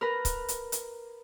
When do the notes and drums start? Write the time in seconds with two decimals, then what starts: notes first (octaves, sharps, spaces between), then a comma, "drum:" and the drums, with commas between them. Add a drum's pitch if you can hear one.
0.01 A#4 B4 A#5
0.25 drum: kick C#1, hi-hat
0.48 drum: hi-hat
0.72 drum: hi-hat